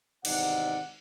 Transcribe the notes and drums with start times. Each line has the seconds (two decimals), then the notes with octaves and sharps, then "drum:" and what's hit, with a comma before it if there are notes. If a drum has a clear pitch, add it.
0.25 G#1 E2 C3 D#4 D5 F#5, drum: cymbal